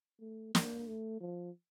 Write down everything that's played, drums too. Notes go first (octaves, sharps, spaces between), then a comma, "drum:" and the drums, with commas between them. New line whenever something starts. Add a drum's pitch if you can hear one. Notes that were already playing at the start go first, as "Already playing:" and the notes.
A3
A#3, drum: snare
A3
F3